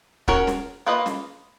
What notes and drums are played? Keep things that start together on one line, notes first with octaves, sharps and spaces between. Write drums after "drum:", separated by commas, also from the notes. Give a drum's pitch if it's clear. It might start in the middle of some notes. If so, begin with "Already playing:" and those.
C#4 F#4 A#4 C#5, drum: kick
drum: snare
A#3 F4 B4 D#5
drum: snare